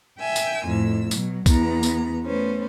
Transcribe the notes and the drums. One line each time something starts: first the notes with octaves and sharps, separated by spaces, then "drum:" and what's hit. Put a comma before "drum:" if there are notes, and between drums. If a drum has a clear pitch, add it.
E5 G5 G#5 E6
drum: tambourine
F2 A2 E6
B2 F#3, drum: tambourine
E2 B3 A#5, drum: kick C2, tambourine
drum: tambourine
A3 B3 C#4 B4 C5